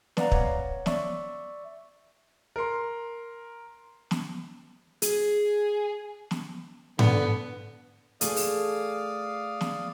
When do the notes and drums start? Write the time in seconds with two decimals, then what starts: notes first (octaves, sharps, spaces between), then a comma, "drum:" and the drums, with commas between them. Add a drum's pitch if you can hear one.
0.17 B4 D5 F5 F#5 A#5, drum: snare
0.32 C#5 F#5, drum: kick
0.86 D5 E5 C#6, drum: snare
2.56 A#4 C6
4.11 drum: snare
5.02 G#4, drum: hi-hat
6.31 drum: snare
6.99 D3 B3, drum: tom G#2
8.21 A3 G#4 D5 F5 D#6, drum: hi-hat
8.36 drum: open hi-hat
9.61 drum: snare